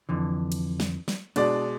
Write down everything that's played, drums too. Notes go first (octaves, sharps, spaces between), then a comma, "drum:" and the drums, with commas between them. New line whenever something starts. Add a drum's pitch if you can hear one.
F2 D3 E3
drum: cymbal
drum: snare G3
drum: snare G3
B2 G#3 D4 D5, drum: cymbal